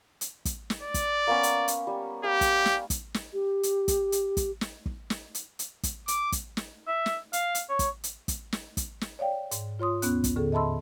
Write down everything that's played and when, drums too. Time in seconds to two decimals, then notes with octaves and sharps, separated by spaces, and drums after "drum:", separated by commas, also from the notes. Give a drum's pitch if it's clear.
0.21 drum: hi-hat
0.45 drum: kick, hi-hat
0.70 drum: snare
0.81 D5
0.94 drum: kick, hi-hat
1.27 A#3 B3 C#4
1.43 drum: hi-hat
1.68 drum: hi-hat
1.87 G3
2.24 G4 F5
2.41 drum: kick, hi-hat
2.66 drum: snare
2.90 drum: kick, hi-hat
3.14 drum: snare
3.32 G4
3.63 drum: hi-hat
3.88 drum: kick, hi-hat
4.12 drum: hi-hat
4.37 drum: kick, hi-hat
4.61 drum: snare
4.86 drum: kick
5.10 drum: snare
5.35 drum: hi-hat
5.59 drum: hi-hat
5.83 drum: kick, hi-hat
6.08 D6, drum: hi-hat
6.32 drum: kick, hi-hat
6.57 drum: snare
6.87 E5
7.06 drum: snare
7.33 F5, drum: hi-hat
7.55 drum: hi-hat
7.69 C#5
7.79 drum: kick, hi-hat
8.04 drum: hi-hat
8.28 drum: kick, hi-hat
8.52 drum: snare
8.77 drum: kick, hi-hat
9.01 drum: snare
9.19 C#5 D5 F5 G5
9.51 G#2, drum: hi-hat
9.79 F4 C#5 C6 D#6
10.02 D#2 B3 C#4 F#6, drum: hi-hat
10.24 drum: kick, hi-hat
10.36 D#2 A2 D3 G#4 A4
10.52 D#5 E5 A5 B5 C6 E6